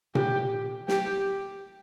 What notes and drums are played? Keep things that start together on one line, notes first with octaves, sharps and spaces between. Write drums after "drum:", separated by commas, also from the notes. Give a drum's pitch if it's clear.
G4, drum: tom A#2
G4, drum: snare